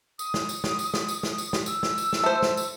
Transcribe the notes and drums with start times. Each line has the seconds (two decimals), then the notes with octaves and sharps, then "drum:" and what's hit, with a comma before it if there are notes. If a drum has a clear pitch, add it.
0.19 D#6, drum: tambourine
0.34 drum: snare
0.49 drum: tambourine
0.64 drum: snare
0.79 drum: tambourine
0.94 drum: snare
1.08 drum: tambourine
1.23 drum: snare
1.38 drum: tambourine
1.53 drum: snare
1.66 E6, drum: tambourine
1.83 drum: snare
1.98 drum: tambourine
2.13 drum: snare
2.24 A3 C5
2.42 drum: snare
2.57 drum: tambourine